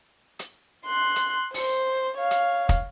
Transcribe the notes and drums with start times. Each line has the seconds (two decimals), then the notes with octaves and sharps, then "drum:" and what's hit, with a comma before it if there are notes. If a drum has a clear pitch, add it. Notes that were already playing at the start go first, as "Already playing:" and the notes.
0.39 drum: hi-hat
0.86 C6 F#6
1.16 drum: hi-hat
1.54 C5, drum: open hi-hat
2.17 C#5 F5
2.31 drum: hi-hat
2.69 drum: kick, hi-hat